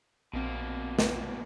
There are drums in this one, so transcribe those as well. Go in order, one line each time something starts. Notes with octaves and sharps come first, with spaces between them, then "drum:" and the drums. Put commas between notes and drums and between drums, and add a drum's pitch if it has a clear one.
A#1 B2 A#3 C4
drum: snare